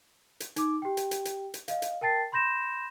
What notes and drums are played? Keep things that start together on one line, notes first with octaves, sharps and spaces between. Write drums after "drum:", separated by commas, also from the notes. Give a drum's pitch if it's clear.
drum: hi-hat
D#4 D6, drum: hi-hat
G4 G5
drum: hi-hat
drum: hi-hat
drum: hi-hat
drum: hi-hat
D#5 F5, drum: hi-hat
drum: hi-hat
A#4 G5 A5 A6 C7
B5 C6 G6 A#6 E7